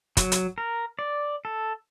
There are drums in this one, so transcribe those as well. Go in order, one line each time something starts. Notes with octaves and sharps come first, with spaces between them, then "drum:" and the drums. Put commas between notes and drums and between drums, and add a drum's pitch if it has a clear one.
F#3, drum: kick, hi-hat
drum: hi-hat
A#4
D5
A4